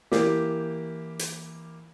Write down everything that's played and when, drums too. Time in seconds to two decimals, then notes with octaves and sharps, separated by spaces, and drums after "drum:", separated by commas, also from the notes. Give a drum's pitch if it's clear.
0.12 E3 A#3 G4, drum: snare
1.19 drum: hi-hat